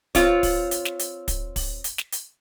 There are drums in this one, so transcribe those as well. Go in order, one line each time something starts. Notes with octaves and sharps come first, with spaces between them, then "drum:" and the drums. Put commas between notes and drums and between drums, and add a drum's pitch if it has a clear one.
C4 F4 C#5, drum: kick, hi-hat
drum: kick, open hi-hat
drum: hi-hat
drum: snare
drum: hi-hat
drum: kick, hi-hat
drum: kick, open hi-hat
drum: hi-hat
drum: snare
drum: hi-hat